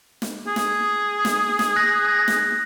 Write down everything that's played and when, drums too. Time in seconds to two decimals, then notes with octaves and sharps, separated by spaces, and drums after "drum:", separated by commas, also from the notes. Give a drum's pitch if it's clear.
0.22 drum: snare
0.47 G#4
0.56 drum: snare
1.25 drum: snare
1.59 drum: snare
1.76 F#6 A#6
2.28 drum: snare